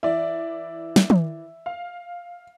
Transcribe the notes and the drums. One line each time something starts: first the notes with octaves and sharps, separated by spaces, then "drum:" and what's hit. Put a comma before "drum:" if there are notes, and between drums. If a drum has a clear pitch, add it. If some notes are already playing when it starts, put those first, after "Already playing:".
E3 D5 E5
drum: snare
drum: tom
F5